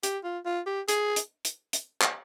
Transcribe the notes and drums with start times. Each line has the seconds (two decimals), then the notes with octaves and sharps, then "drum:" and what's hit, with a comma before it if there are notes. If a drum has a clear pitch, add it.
0.03 G4, drum: hi-hat
0.24 F4
0.45 F4
0.66 G4
0.88 G#4, drum: hi-hat
1.16 drum: hi-hat
1.45 drum: hi-hat
1.73 drum: hi-hat
2.02 drum: clap